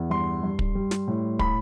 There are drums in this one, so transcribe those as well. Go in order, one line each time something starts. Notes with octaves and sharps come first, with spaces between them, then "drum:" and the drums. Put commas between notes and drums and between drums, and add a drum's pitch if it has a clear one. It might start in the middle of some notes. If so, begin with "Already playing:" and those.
Already playing: E2
G2 C6
G2
drum: kick
G3
drum: snare
A2
B5, drum: kick